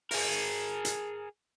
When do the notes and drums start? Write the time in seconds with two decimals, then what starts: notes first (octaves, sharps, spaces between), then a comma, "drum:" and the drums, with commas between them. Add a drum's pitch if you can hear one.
0.11 G#4 A#4, drum: open hi-hat
0.85 drum: hi-hat